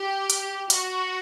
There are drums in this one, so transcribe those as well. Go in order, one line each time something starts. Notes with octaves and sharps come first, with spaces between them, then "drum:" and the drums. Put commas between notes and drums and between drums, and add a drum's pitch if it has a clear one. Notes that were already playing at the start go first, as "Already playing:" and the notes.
Already playing: G4
drum: hi-hat
F#4, drum: hi-hat